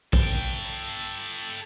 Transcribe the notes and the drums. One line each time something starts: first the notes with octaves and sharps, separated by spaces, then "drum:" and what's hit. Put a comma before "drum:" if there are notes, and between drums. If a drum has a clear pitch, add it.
A4 G5, drum: kick